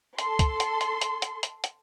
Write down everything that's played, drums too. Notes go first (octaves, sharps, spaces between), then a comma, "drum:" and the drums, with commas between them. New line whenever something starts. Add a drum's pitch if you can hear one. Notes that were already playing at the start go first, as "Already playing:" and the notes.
A4 C6, drum: hi-hat
drum: kick, hi-hat
drum: hi-hat
drum: hi-hat
drum: hi-hat
drum: hi-hat
drum: hi-hat
drum: hi-hat